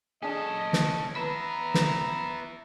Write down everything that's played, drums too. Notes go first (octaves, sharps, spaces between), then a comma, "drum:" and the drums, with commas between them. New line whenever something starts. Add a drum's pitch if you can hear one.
C#4 D4 G#4 A4 D#5
drum: snare
D#3 B3 E4 B4 A#5 E6
B4, drum: snare